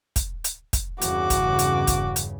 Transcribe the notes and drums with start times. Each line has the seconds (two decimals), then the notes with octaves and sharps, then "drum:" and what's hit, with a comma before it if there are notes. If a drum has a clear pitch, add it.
0.16 drum: kick, hi-hat
0.44 drum: hi-hat
0.73 drum: kick, hi-hat
1.02 E2 G2 C#3 F#4 D6, drum: hi-hat
1.30 drum: kick, hi-hat
1.59 drum: hi-hat
1.87 drum: kick, hi-hat
2.16 drum: hi-hat